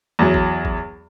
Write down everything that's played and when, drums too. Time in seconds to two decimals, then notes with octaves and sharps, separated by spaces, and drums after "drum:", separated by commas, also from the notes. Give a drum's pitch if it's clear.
0.19 E2 F#3
0.34 drum: kick
0.65 drum: kick